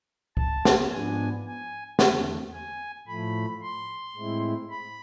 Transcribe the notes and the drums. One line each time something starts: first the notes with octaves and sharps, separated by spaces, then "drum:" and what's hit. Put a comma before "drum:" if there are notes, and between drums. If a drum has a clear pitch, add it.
A5, drum: kick
drum: snare
G#2 F3 B3 D4 G#5
G#5
E2 D3 A3 C4, drum: snare
G#5
A2 F3 A3 B5
C6
A2 G#3 C4 E4
B5